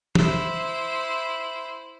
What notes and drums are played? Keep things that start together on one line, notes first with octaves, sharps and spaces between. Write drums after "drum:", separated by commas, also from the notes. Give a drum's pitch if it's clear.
E4 C5, drum: tom